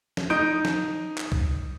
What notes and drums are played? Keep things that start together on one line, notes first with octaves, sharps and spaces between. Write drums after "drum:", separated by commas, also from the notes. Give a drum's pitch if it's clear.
drum: snare
D#4 D#6 G6 D7
drum: snare
drum: clap
drum: kick C2